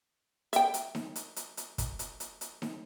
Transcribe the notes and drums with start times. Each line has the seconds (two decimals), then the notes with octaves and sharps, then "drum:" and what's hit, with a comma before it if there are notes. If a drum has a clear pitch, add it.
0.53 E5 G5, drum: hi-hat
0.74 drum: hi-hat
0.95 drum: snare D#4
1.16 drum: hi-hat
1.36 drum: hi-hat
1.57 drum: hi-hat
1.78 drum: kick, hi-hat
1.99 drum: hi-hat
2.20 drum: hi-hat
2.41 drum: hi-hat
2.62 drum: snare D#4